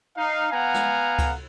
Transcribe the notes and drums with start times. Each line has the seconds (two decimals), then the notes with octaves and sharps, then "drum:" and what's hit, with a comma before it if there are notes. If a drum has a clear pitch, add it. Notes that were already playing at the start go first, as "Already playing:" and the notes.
0.17 D#4 F5
0.52 B3 F5 F#5 G#5 A#5
0.74 drum: snare
1.19 drum: kick C#2, cymbal